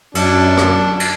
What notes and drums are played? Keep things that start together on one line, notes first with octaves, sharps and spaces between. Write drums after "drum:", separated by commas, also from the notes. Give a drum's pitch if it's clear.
F#2 D4, drum: cymbal
drum: rim click
drum: cymbal